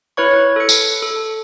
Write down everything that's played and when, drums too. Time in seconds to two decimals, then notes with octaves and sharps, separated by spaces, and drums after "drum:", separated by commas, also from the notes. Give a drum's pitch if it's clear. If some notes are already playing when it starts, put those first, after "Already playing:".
0.17 E4 B4 C#5 C#6
0.56 A4 C#7
0.69 drum: tambourine
1.03 A4